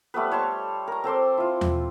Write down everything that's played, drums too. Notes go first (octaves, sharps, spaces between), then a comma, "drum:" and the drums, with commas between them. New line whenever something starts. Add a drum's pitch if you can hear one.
G3 A3 B3 B4
C#5 A5 C6 C#6
A#4 A#5
C4 A4 C6 D6
E4 F4
drum: tom D#2